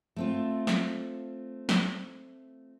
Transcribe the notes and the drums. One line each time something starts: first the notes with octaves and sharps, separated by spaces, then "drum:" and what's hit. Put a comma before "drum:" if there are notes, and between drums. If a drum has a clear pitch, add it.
A3 C4 F4
drum: snare
drum: snare